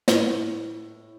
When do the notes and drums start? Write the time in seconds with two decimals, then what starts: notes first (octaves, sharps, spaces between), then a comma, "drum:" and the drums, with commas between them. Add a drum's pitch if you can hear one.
0.08 A2, drum: snare